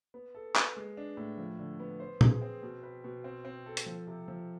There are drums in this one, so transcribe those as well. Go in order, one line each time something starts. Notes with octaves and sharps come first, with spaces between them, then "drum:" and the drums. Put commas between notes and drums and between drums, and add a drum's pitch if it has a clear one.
B3
A4
B3, drum: clap
G#3
D4
A2
F3
D3
B3
C5
G#4, drum: tom A#2
C4
B2
B4
B2
C4
C4
A4
drum: hi-hat
F3
C3
F3